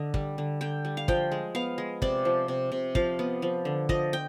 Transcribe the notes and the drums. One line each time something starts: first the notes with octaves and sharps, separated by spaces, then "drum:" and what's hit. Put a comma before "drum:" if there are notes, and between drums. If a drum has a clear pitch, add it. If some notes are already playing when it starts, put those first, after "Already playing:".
Already playing: D3 D#5
G3, drum: kick
D3
D3 G5
G3
F5
F3 G5, drum: kick
G#3
B3 F5
G#3
C3 D5, drum: kick
F3
C3
C3
F3 F5, drum: kick
B3
F3
D3
F3 D#5, drum: kick
G5